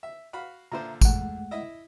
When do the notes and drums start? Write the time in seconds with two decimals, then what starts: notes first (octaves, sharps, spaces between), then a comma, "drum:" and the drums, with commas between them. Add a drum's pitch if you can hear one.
0.03 E5
0.33 F#4 F5 B5
0.72 A#2 D3 C5 E5 A#5
1.01 G#3 A3 F#5, drum: kick G#1, tambourine
1.51 E4 D#5 E5